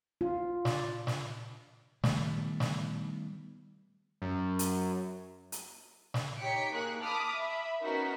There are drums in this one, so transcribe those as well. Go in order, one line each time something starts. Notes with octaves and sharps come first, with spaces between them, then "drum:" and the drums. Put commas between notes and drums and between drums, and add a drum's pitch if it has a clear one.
F4
D5, drum: snare
drum: snare
D#3 G3 A3 B3, drum: snare
drum: snare
F#2
drum: hi-hat
drum: hi-hat
drum: snare
D#4 G4 C#5 B6 C#7 D7
A#3 D#4 G#4 C#6 F#6
A5 B5 D6 D#6 F6 B6
E5 B5
B3 C#4 D#4 F#4 A#4 B6